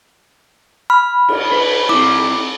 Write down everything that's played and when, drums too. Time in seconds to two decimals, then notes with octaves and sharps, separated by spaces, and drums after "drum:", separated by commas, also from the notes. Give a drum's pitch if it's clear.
0.90 B5 F6
1.29 drum: cymbal
1.52 B4
1.89 C4 E4 D6